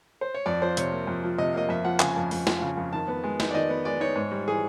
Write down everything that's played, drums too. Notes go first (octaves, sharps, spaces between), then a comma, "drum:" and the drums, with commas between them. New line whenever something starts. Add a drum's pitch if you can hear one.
C5
C#5
F2 D5
F3 C5
C3 C#5, drum: hi-hat
A#3
F2
F3
C3 D#5
A#3 D#5
F2 E5
F3 F#5
C#3 G#5, drum: clap
F2
F2, drum: open hi-hat
F3, drum: snare
C#3
F2
D#3 A5
B3
G#3
D#4, drum: snare
D5
D#3 D#5
B3
G#3 D5
D#4 C#5
G#2
G3
E3 G#4